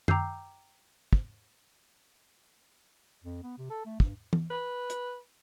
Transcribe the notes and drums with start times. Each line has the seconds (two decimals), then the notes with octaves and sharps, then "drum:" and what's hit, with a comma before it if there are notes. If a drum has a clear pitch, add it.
0.08 G5 A#5 D6 E6 G6 C7, drum: tom F#2
1.13 drum: kick
3.24 F2
3.43 B3
3.58 C3
3.70 A4
3.86 A3
4.00 G2, drum: kick
4.33 drum: tom E3
4.51 B4
4.90 drum: hi-hat